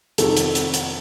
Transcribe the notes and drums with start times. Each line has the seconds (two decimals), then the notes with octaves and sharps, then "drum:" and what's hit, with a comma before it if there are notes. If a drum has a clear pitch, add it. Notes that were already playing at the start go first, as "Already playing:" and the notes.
0.18 F2 C3 D#3 A4, drum: hi-hat
0.37 drum: hi-hat
0.55 drum: hi-hat
0.74 drum: hi-hat